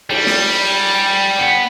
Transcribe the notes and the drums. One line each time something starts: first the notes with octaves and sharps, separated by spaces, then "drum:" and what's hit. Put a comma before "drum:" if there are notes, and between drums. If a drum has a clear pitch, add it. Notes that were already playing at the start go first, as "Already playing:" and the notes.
G3, drum: cymbal
drum: snare
B3